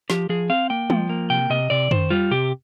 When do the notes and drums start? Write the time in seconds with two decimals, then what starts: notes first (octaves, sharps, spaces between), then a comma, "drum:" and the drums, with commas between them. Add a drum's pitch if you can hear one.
0.10 F3 G4, drum: snare
0.29 F3 G#4
0.50 C4 F5
0.70 A#3 G5
0.90 F3, drum: tom
1.09 A#3
1.30 C3 G5
1.50 C3 D#5
1.70 C3 D5
1.91 D#3 C5, drum: tom
2.10 G3 F4
2.31 C3 G4